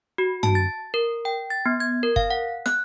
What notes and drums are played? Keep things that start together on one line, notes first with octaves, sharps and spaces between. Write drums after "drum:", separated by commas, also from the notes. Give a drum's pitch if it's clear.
F#4
A5, drum: tom
A6
A#4
G5
A6
B3
G#6
A#4
F5, drum: kick
F#5
F#6, drum: snare